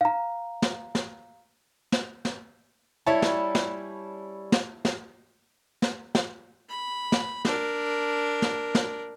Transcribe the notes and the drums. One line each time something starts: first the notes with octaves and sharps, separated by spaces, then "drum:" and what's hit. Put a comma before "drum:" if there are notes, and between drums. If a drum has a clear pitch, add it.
F5 A#5
drum: snare
drum: snare
drum: snare
drum: snare
G3 C#4 E4 C#5 A5
drum: snare
drum: snare
drum: snare
drum: snare
drum: snare
drum: snare
B5
drum: snare
D4 A#4, drum: snare
drum: snare
drum: snare